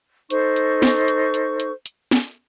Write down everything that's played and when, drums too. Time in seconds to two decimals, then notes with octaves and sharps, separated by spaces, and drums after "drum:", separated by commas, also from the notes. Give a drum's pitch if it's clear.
0.30 D#4 A4 C5 C#6, drum: hi-hat
0.56 drum: hi-hat
0.82 drum: snare
1.08 drum: hi-hat
1.34 drum: hi-hat
1.60 drum: hi-hat
1.86 drum: hi-hat
2.11 drum: snare